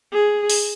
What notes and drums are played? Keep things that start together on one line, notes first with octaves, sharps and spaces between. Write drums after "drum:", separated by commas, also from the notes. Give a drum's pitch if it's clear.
G#4
drum: open hi-hat